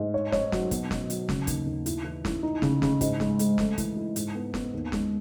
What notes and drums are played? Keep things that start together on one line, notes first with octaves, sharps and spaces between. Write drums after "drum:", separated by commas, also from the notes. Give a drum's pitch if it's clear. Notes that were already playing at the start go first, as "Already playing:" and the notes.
Already playing: G#2
C#5
C#5, drum: snare
F#3, drum: snare
B2, drum: kick, hi-hat
B2, drum: snare
F#3, drum: hi-hat
C#3, drum: snare
D#2, drum: kick, hi-hat
D#2
E4, drum: hi-hat
E3
E4, drum: snare
D#4
C#3, drum: snare
C#3, drum: snare
G#2, drum: kick, hi-hat
G#3, drum: snare
G#3, drum: hi-hat
A3, drum: snare
E3, drum: kick, hi-hat
E4
G#2, drum: hi-hat
B3
B3, drum: snare
D#2
G#3, drum: snare